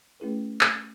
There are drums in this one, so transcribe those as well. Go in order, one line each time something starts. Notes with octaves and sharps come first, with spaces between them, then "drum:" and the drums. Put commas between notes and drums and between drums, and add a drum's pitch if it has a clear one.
A3 C#4 E4 G#4 B4
drum: clap